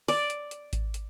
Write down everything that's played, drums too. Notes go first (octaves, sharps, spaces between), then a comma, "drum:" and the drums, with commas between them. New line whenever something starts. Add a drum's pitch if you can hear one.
D5, drum: open hi-hat
drum: hi-hat
drum: hi-hat
drum: kick G#1, hi-hat
drum: hi-hat